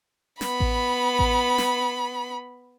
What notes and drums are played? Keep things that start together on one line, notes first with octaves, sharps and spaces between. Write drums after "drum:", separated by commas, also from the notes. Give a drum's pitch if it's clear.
B3 B5, drum: snare
drum: kick A1
drum: kick A1
drum: snare